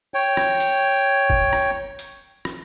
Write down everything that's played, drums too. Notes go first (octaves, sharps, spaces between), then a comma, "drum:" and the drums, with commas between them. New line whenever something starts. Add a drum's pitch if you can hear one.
C#5 G5
drum: rim click
drum: hi-hat
drum: kick
drum: rim click
drum: hi-hat
drum: rim click